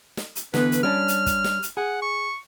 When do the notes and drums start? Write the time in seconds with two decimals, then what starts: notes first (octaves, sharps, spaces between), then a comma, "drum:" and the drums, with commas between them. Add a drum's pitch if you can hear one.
0.17 drum: snare
0.35 drum: hi-hat
0.54 D3 E3 B3 B4, drum: snare
0.72 drum: hi-hat
0.83 G3 C#4 D4 F6
1.08 drum: hi-hat
1.26 drum: kick, hi-hat
1.44 drum: snare
1.62 drum: hi-hat
1.77 G#4 F#5
2.02 C#6